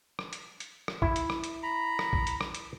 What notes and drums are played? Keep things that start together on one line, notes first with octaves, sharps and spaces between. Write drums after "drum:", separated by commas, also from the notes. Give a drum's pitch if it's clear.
drum: rim click
drum: hi-hat
drum: hi-hat
drum: rim click
E4, drum: kick A#1
drum: hi-hat
drum: rim click
drum: hi-hat
A#5 B5
drum: rim click
drum: kick A#1
drum: hi-hat
drum: rim click
drum: hi-hat